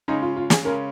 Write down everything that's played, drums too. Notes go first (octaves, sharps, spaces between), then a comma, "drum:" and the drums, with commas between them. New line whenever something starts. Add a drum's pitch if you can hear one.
C#3 G#3 C#4 D#4
F4
F4
G#4, drum: snare
C#3 G#3 C#4 A#4